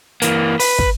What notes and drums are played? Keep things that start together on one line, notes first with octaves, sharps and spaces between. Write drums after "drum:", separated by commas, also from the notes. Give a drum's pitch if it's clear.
E3 A#3, drum: hi-hat
B4, drum: open hi-hat
drum: kick